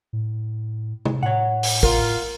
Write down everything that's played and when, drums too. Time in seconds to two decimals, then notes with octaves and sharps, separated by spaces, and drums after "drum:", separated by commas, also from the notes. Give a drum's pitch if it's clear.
0.13 A2
1.05 drum: tom C3
1.23 A2 C#5 F#5
1.63 drum: open hi-hat
1.83 F4 A#4, drum: kick